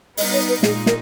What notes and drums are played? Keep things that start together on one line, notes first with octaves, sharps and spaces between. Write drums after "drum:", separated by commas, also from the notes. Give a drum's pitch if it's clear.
G3 B3 D#4 D#5, drum: open hi-hat
C#5
B4
A#2 G#3 D#4 G#4, drum: snare
A#4, drum: snare